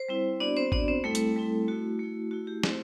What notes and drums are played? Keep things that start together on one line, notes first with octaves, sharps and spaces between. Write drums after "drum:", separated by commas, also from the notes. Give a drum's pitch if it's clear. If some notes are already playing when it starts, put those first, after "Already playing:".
Already playing: C5
G3 C4 E4
B3 D4 F#4 D5
C4 C5
B3 D4 F#4 D5, drum: kick G#1
C4 C5
G3 A3 C4 E4 A4
drum: hi-hat
G3 C4 E4
A3 E4 F#4
A3 E4
A3 E4 F#4
G4
A3 C4 E4 C5, drum: snare